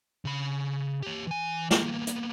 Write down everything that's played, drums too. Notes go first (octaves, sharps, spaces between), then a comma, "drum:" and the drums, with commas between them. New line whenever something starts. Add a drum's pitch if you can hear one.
C#3 B5
G4 C#5
E3 G#5
A#3 B3, drum: snare
drum: hi-hat